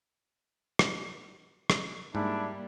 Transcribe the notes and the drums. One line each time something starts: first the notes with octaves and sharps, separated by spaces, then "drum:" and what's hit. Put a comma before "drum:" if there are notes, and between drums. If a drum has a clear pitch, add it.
drum: rim click
drum: rim click
G#2 G3 A#3 D4 E4